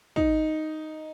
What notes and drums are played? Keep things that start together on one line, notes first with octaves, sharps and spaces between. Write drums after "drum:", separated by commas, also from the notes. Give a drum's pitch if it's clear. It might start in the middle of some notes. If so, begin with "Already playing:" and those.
D#4, drum: kick